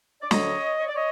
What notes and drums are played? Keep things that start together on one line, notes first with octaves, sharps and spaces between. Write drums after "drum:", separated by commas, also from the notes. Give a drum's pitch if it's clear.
D5
D2 D3 F#3 C#5 D#5, drum: snare
C#5
D5
C#5 D#5